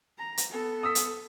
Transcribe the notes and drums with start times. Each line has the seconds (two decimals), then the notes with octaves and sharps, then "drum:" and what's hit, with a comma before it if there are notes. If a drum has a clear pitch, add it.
0.18 A#5
0.37 drum: hi-hat
0.50 B3 A4
0.83 D#6 E6 B6
0.95 drum: hi-hat